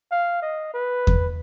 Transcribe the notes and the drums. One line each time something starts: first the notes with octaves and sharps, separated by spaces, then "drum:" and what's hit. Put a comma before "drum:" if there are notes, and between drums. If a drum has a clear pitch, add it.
F5
D#5
B4
drum: kick E2